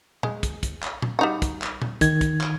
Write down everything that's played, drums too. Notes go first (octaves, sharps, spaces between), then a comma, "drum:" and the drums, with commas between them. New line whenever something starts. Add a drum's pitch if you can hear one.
G#3, drum: tom A#2
drum: kick, hi-hat
drum: kick, hi-hat
drum: clap
drum: tom A#2
G3 D#4 F#4
drum: kick, hi-hat
drum: clap
drum: tom A#2
D#3 G#6, drum: kick, hi-hat
drum: kick, hi-hat
drum: clap